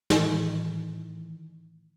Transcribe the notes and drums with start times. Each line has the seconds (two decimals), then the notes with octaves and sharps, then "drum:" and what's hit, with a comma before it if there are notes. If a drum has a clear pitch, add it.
0.10 A2 D#3 E3, drum: snare